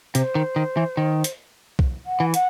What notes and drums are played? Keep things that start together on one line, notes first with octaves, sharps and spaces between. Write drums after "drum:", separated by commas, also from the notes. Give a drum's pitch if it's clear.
C3 C5, drum: hi-hat
D#3
D#3
E3
D#3
drum: hi-hat
drum: kick B1
F#5
E3
F#5, drum: hi-hat